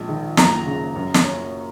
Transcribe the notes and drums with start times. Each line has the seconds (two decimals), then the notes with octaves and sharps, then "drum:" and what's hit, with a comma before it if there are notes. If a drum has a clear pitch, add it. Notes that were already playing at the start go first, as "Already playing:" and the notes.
Already playing: A#1 G#3
0.09 D#3
0.37 F#1 A#5, drum: snare
0.66 C#3
0.96 F#2
1.14 drum: snare
1.24 C#4